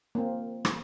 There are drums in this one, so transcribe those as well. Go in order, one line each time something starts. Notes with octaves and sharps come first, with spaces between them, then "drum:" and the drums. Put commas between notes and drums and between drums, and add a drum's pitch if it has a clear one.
A#3 C4
drum: rim click